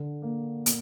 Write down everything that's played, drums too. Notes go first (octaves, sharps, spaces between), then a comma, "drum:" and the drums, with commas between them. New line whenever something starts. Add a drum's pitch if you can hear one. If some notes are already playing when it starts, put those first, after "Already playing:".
Already playing: D3
A#3
A#2, drum: hi-hat